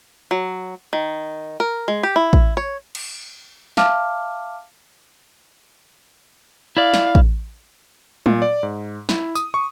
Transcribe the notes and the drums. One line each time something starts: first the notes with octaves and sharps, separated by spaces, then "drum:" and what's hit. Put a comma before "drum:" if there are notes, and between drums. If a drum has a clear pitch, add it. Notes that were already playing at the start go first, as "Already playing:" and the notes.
F#3
D#3
A#4
G#3
G4
E4
drum: kick A1
C#5
drum: cymbal
E5 F5 A5 D6 F6, drum: snare
E4 D5 F5
drum: snare
drum: kick A1
A#2, drum: tom
D5
G#2
E4, drum: snare
D#6, drum: tambourine
C#6